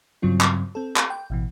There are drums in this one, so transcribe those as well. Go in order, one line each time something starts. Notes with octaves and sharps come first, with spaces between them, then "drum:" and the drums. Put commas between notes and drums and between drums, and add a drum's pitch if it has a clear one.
G2 C#3 F#3 C4 F4
drum: clap
C4 A4
drum: clap
G5
A1 B2 E3